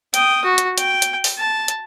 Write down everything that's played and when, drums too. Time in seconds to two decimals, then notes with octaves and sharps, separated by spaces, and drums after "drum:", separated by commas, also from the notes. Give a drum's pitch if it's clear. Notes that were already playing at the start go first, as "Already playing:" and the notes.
0.14 G5 D#6, drum: hi-hat
0.44 F#4
0.58 drum: hi-hat
0.78 G5, drum: hi-hat
1.02 drum: hi-hat
1.24 drum: open hi-hat
1.38 A5
1.68 drum: hi-hat